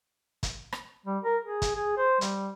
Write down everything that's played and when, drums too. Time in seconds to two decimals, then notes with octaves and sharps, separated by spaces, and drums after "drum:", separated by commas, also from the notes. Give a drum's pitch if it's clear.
0.43 drum: kick, hi-hat
0.72 drum: rim click
1.06 G3
1.23 A#4
1.45 G#4
1.62 drum: kick, hi-hat
1.75 G#4
1.97 C5
2.21 G3, drum: hi-hat